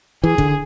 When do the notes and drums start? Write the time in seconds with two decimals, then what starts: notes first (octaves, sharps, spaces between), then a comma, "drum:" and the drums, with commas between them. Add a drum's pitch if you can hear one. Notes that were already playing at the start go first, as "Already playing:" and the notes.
0.24 E3 G#4
0.38 D3, drum: kick